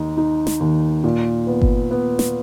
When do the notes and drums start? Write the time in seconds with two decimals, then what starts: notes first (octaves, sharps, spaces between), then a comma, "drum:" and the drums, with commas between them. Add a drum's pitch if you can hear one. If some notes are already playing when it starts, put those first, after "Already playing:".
Already playing: D#2 D#4
0.17 D#4
0.47 drum: snare
0.60 D#2
1.04 A#2
1.47 B3
1.62 drum: kick G1
1.91 B3
2.19 drum: snare